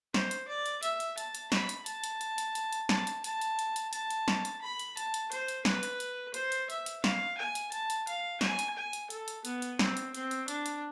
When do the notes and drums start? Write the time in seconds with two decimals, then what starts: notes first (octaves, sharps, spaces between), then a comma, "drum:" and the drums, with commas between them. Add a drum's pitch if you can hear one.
0.14 C5, drum: snare
0.31 drum: hi-hat
0.48 D5
0.66 drum: hi-hat
0.83 E5, drum: hi-hat
1.00 drum: hi-hat
1.18 A5, drum: hi-hat
1.35 drum: hi-hat
1.52 B5, drum: snare
1.69 drum: hi-hat
1.86 A5, drum: hi-hat
2.04 drum: hi-hat
2.21 drum: hi-hat
2.38 drum: hi-hat
2.55 drum: hi-hat
2.73 drum: hi-hat
2.89 A5, drum: snare
3.07 drum: hi-hat
3.24 A5, drum: hi-hat
3.41 drum: hi-hat
3.59 drum: hi-hat
3.76 drum: hi-hat
3.93 A5, drum: hi-hat
4.10 drum: hi-hat
4.28 drum: snare
4.45 drum: hi-hat
4.62 B5
4.79 drum: hi-hat
4.97 A5, drum: hi-hat
5.14 drum: hi-hat
5.32 C5, drum: hi-hat
5.48 drum: hi-hat
5.65 B4, drum: snare
5.83 drum: hi-hat
6.00 drum: hi-hat
6.34 C5, drum: hi-hat
6.52 drum: hi-hat
6.70 E5, drum: hi-hat
6.86 drum: hi-hat
7.04 F5, drum: snare
7.37 G#5
7.55 drum: hi-hat
7.72 A5, drum: hi-hat
7.90 drum: hi-hat
8.07 F5, drum: hi-hat
8.41 G#5, drum: snare
8.59 drum: hi-hat
8.76 G#5
8.93 drum: hi-hat
9.10 A4, drum: hi-hat
9.28 drum: hi-hat
9.45 B3, drum: hi-hat
9.62 drum: hi-hat
9.79 C4, drum: snare
9.97 drum: hi-hat
10.14 C4, drum: hi-hat
10.31 drum: hi-hat
10.48 D4, drum: hi-hat
10.66 drum: hi-hat